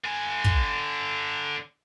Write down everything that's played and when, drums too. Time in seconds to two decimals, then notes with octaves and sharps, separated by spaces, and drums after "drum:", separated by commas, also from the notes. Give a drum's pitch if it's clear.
0.04 D3 G#5
0.44 drum: kick